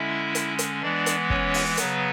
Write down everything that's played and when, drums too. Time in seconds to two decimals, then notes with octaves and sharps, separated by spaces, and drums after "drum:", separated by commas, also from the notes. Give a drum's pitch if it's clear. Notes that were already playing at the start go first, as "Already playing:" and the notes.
Already playing: D3 G#3 C#4 E4 E5
0.35 drum: hi-hat
0.59 drum: hi-hat
0.82 E3 G#3 B3 D4 D5
1.06 drum: hi-hat
1.30 C#4 C#5, drum: kick
1.54 drum: open hi-hat
1.77 C#3 F#3 B3 B4, drum: hi-hat